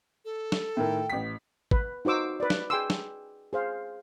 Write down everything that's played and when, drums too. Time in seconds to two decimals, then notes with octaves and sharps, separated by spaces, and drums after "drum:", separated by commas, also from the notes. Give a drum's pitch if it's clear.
0.25 A4
0.52 drum: snare
0.77 A2 D#3 A#4 G5
1.10 A1 B6
1.71 B4, drum: kick
2.05 D#4 F#4 C5 D6 E6
2.40 B4 D5
2.50 drum: snare
2.70 G#4 G5 G#5 C6 D6 E6
2.90 drum: snare
3.53 G#4 C5 F5